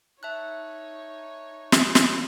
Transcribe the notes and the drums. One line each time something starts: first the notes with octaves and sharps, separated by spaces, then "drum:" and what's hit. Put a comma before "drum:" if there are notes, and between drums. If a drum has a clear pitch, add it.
D#4 C#5 E5 A5 F#6
drum: snare
drum: snare